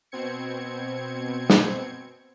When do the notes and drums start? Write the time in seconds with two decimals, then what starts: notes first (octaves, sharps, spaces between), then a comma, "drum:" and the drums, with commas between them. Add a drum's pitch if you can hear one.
0.12 B2 C4 G#6 C#7
1.50 drum: snare